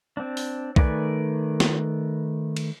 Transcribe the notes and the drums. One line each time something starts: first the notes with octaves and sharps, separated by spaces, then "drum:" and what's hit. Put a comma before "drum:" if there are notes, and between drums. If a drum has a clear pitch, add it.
C4 D4
drum: open hi-hat
D#3 A3 B4 D5 G#5, drum: kick B1
drum: snare
drum: cymbal